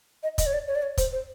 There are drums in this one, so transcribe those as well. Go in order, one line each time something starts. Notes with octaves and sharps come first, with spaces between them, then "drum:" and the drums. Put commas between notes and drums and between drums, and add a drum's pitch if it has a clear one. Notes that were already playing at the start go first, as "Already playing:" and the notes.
D#5
D#5, drum: kick, hi-hat
C#5
D5
C#5
D5
C#5
C5, drum: kick, hi-hat
C5